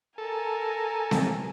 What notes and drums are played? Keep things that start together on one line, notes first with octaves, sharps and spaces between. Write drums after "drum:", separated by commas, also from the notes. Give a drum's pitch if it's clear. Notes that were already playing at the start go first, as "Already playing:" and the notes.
A4 A#4 G#5
drum: snare C4